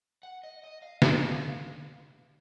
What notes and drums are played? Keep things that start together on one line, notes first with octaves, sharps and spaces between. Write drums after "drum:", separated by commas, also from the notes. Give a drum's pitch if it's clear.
F#5
D#5
D#5
F5
F5, drum: snare